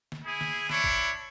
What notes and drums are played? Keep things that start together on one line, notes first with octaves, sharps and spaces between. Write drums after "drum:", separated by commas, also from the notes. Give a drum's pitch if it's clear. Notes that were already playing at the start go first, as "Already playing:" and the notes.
drum: snare
E4 G#4
drum: snare
D4 E4 C#5, drum: snare
drum: kick G#1